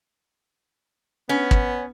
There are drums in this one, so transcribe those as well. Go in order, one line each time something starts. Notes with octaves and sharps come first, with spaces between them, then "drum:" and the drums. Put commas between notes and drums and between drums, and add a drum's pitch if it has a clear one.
B3 C#4
drum: kick